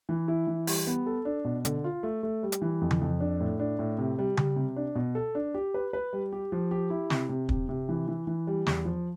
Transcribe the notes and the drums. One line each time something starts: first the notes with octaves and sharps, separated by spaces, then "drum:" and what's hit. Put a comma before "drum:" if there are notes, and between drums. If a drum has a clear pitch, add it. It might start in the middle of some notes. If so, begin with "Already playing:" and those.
E3
E4
E3
G3, drum: open hi-hat
B3
A4
D4
B2
D3, drum: hi-hat
F4
A3
A3
G3
drum: hi-hat
E3
F2
drum: tom C#3
F2
D4
A2
D4
A2
C3
G3
G3, drum: tom C#3
C3
D4
B2
A4
D4
G4
B4
B4
G3
G4
F3
G4
E4
C3, drum: snare
C3
C3, drum: kick
C3
E3
E3
E3
G3
E2, drum: snare
F3